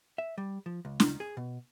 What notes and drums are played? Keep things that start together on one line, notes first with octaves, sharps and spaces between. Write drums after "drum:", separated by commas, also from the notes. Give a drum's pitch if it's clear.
E5
G3
F3
C#2
drum: snare
G#4
B2